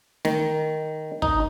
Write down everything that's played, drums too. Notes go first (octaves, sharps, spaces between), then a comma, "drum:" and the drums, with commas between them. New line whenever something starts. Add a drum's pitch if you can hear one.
D#3, drum: snare
D#4, drum: kick